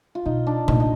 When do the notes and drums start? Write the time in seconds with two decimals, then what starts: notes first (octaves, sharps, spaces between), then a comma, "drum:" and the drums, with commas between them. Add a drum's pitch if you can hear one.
0.15 F4
0.25 B2 D#4
0.47 D4
0.68 A#2 D#4, drum: tom C3
0.80 D#4